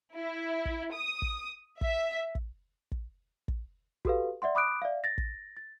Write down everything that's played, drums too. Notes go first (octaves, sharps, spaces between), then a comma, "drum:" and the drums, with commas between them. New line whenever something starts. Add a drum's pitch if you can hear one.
E4
drum: kick
D#6
drum: kick
E5, drum: kick
drum: kick
drum: kick
drum: kick
F#4 G4 A4 B4 F5, drum: kick
D5 E5 F#5 C6
B5 D6 D#6 F#6 D7
D5 E5 F5
A6 A#6
drum: kick
A6